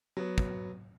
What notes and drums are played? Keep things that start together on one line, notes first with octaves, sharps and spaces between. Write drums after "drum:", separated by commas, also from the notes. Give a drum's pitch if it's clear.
F#3 B3
drum: kick